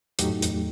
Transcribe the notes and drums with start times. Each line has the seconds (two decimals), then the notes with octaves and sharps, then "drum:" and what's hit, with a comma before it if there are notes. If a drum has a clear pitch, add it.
0.19 E2 A2 F#3 A3 D#4 G4, drum: hi-hat
0.30 F#2
0.42 E2, drum: hi-hat